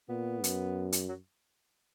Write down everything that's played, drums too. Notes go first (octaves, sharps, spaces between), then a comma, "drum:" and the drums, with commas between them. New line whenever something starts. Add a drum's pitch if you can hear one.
A#2 B3
F#2, drum: hi-hat
drum: hi-hat
F#3